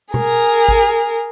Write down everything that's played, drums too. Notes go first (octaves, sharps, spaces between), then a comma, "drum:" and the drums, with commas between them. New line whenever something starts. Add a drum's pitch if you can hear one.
G#4 A#4, drum: tom B2
drum: kick G#1